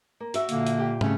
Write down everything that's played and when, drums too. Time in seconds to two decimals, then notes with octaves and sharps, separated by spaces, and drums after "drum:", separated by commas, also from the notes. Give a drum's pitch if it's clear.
0.20 A#3
0.34 F#4 E5, drum: hi-hat
0.49 A#2 D3 A#3, drum: hi-hat
0.66 drum: hi-hat
0.79 G4
1.01 C#3 A3 C#4, drum: tom